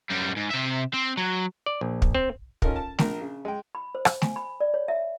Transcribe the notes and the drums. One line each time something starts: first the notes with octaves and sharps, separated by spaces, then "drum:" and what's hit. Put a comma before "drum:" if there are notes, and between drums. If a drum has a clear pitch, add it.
F#2 G3
G#2
C3 E5
C4
F#3
D5
A#1
drum: kick
C4
C#4 D#4 F4 A4 A#4, drum: kick
A5
A#1 A#4 A#5, drum: snare
C#3
G#3 G5
B5
C5
drum: rim click
G#5, drum: snare
B5
D5
C#5
E5